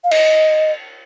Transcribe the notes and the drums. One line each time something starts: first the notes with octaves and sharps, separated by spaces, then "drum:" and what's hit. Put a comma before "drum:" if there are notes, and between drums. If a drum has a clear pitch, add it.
F5
D#5, drum: cymbal